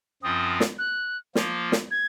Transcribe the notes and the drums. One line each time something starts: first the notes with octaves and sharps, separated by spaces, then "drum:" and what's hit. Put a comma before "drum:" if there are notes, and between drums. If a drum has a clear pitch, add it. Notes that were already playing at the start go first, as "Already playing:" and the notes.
F#2 F3 C4 F4 D#6
drum: snare
F#6
F3 A#3 F4, drum: snare
drum: snare
G#6